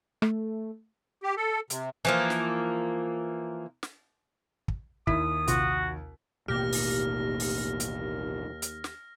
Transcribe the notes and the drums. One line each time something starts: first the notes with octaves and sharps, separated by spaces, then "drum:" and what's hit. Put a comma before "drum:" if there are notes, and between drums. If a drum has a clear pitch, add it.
A3, drum: rim click
G4
A4
C3, drum: hi-hat
E3 F3 A#3
drum: snare
drum: snare
drum: kick
D#2 E4 D#6 B6, drum: kick
A#1 C3 F4 F#4, drum: hi-hat
A1 D#2 B2 A#3 G4 F6 A#6
drum: open hi-hat
drum: open hi-hat
drum: hi-hat
drum: hi-hat
drum: snare